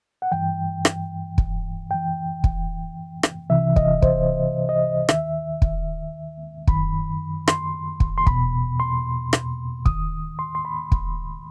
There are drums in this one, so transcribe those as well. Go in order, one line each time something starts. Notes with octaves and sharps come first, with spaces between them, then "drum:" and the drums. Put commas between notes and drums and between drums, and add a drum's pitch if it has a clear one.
F#5
G2 E3 G5
drum: rim click
drum: kick
F#2 E3 G5
drum: kick
drum: rim click
C2 C3 E3 E5
D#5, drum: kick
C5, drum: kick
D#5
D#2 D#3 E5, drum: rim click
drum: kick
F#2 D#3 B5, drum: kick
C6, drum: rim click
drum: kick
C6
E2 B2 B5, drum: kick
C6
drum: rim click
D#2 D#3 D#6, drum: kick
C6
C6
B5
drum: kick